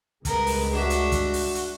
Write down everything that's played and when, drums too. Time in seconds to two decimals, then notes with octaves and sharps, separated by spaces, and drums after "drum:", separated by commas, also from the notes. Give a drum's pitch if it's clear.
0.25 C#2 G2 G#3 B3 A#4, drum: kick, hi-hat
0.47 drum: open hi-hat
0.73 D4 F#4 E5
0.90 drum: hi-hat
1.12 drum: kick, hi-hat
1.33 drum: open hi-hat
1.55 drum: hi-hat